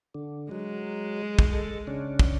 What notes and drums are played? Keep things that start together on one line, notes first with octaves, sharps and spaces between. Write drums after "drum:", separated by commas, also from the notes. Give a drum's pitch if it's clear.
D3
F#3 G#3
drum: kick
A4
C#3 C#4 D4
drum: kick